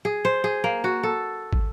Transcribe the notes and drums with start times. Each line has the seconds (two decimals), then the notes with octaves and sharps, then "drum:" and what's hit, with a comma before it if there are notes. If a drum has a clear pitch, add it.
0.05 G#4
0.25 C5
0.44 G#4
0.64 A#3
0.84 F#4
1.03 A4
1.53 drum: kick